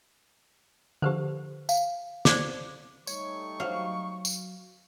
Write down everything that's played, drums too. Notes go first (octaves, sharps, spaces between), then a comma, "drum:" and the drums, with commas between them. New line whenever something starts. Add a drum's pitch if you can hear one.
D3 F3 G4 B4 C5
F5, drum: tambourine
C5 D5 D6, drum: snare
G3 A3 D#4 C#5 C#6, drum: tambourine
F#3 F5
drum: tambourine